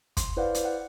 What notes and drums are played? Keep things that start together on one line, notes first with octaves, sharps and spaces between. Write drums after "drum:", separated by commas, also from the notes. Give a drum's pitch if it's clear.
C6, drum: kick, hi-hat
E4 B4 C5 D5 F5 F#5
drum: hi-hat
F#5